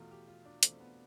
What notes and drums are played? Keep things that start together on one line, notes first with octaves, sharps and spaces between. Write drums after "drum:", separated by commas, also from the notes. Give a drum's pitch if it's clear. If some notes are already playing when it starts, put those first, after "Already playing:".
Already playing: E2 B2 A3 F4
G4
F4
D4
E2 B2 A3 C4, drum: hi-hat
B3